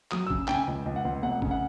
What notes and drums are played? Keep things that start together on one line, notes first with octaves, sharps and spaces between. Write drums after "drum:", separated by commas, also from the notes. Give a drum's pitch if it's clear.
F#3 D#6, drum: clap
E6
C#3, drum: kick A#1
C#3 G5, drum: clap
G#5
C#2
C#2
F#5
C#2
F1 F#5
C#3, drum: kick A#1
F#5